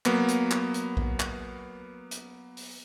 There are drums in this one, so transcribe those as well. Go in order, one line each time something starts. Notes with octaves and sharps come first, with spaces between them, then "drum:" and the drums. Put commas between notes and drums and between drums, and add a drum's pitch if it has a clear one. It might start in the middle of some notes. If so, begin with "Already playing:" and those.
F#3 A#3 B3, drum: clap
drum: hi-hat
drum: clap
drum: hi-hat
drum: kick A#1
drum: clap
drum: hi-hat
drum: open hi-hat